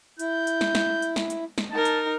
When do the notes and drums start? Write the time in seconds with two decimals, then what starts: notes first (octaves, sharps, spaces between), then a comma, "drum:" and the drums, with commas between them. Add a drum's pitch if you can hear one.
0.19 E4 G6, drum: hi-hat
0.47 drum: hi-hat
0.61 drum: snare
0.75 drum: snare
1.02 drum: hi-hat
1.16 drum: snare
1.30 drum: hi-hat
1.58 drum: snare
1.71 D#4 A#4 A5
1.85 drum: hi-hat